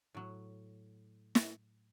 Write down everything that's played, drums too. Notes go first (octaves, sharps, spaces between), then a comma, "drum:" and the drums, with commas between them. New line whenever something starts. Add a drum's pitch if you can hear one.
A2 F#3
drum: snare